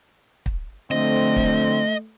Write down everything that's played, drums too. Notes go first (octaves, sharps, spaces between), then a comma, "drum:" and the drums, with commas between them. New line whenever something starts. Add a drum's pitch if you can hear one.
drum: kick
D3 F3 A3 C4 D#5
drum: kick